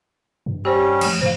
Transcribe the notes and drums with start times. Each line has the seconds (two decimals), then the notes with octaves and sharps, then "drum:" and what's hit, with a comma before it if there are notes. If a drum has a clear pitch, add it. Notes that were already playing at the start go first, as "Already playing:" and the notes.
0.46 G2
0.65 G3 C#4 G4 C5
1.01 F3 A3, drum: cymbal
1.21 G2 C5 F5